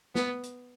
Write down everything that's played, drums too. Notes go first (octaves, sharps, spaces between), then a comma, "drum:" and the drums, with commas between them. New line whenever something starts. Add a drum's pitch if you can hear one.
B3, drum: snare
drum: hi-hat